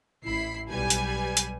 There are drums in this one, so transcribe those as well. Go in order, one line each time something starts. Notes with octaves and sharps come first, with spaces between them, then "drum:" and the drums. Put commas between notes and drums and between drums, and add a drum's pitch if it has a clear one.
A1 E4 B5 C7
B1 G3 B4 G#5
drum: hi-hat
drum: hi-hat